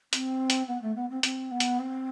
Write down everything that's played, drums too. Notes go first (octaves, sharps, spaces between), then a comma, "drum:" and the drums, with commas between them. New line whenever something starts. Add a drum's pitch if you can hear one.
C4, drum: hi-hat
drum: hi-hat
B3
A3
B3
C4
C4, drum: hi-hat
B3
drum: hi-hat
C4